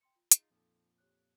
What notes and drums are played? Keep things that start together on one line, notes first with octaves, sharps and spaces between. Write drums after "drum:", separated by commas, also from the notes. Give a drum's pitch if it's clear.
G5 C6 C#7
F4
D#4 F4 G#4, drum: hi-hat
F2 A#2 F3 D#4 A4
G4 C#5 F#6